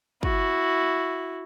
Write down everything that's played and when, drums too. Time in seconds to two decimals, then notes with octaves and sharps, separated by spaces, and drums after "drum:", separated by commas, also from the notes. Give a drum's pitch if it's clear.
0.23 E4 F#4, drum: kick